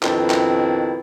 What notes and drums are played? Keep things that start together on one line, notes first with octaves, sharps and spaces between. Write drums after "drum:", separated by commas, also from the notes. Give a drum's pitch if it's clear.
F2 B2 D#3 C4 D4 E4, drum: clap
drum: clap